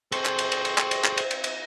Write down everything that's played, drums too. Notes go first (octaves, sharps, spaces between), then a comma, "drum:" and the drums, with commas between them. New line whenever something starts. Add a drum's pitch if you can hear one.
C4 G#4 A4 C5 G5 C6 C#6, drum: cymbal
drum: clap
drum: cymbal
drum: cymbal
drum: cymbal
drum: clap
drum: cymbal
drum: clap
drum: cymbal
drum: cymbal
drum: cymbal